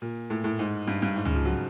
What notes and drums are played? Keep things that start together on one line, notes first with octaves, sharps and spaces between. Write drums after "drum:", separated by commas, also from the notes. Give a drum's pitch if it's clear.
A#2
A2
A2
G#2
G2
G2
G#2
C#3, drum: tom C#2
F3
F#3